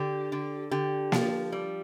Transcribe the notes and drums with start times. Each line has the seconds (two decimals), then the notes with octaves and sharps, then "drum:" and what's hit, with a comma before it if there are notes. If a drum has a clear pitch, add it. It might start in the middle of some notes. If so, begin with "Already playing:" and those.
Already playing: D3 G4
0.32 D3
0.71 D3 G4
1.12 F3, drum: snare A#3
1.52 G3